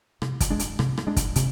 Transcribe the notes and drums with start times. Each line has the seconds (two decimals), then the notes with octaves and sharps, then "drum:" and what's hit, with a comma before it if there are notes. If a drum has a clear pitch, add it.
0.22 C3, drum: rim click
0.40 drum: kick, hi-hat
0.50 G#3 D4
0.59 drum: hi-hat
0.79 C3, drum: rim click
0.97 drum: rim click
1.07 G#3 D4
1.17 drum: kick, hi-hat
1.36 C3, drum: hi-hat